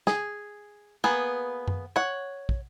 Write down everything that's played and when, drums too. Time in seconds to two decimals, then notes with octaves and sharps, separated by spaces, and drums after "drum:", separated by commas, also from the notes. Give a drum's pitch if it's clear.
0.07 G#4, drum: snare
1.04 A#3 B3 G#4 B4
1.68 drum: tom F#2
1.96 C#5 F#5
2.49 drum: kick